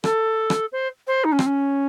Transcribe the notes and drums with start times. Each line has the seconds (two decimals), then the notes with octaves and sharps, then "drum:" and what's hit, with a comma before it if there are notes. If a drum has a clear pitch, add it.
0.04 A4, drum: rim click
0.50 drum: rim click
0.72 C5
1.07 C5
1.24 D#4
1.32 C#4
1.39 C4, drum: rim click
1.46 C#4